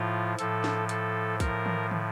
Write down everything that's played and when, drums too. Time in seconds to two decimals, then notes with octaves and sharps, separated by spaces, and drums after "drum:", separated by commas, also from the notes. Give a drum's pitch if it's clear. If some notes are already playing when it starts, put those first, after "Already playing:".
Already playing: A2 F3 F4
0.39 A2 F3 A4, drum: hi-hat
0.64 drum: snare
0.89 A4, drum: hi-hat
1.40 A2 F3 A#4, drum: kick, hi-hat
1.66 drum: tom D#3
1.91 drum: tom